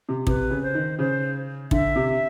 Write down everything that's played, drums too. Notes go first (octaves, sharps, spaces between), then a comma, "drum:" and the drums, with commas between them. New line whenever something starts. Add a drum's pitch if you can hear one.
C3
C3 B4, drum: kick
C#3
C5
D#3
C#3 C5
D3 E5, drum: kick
C3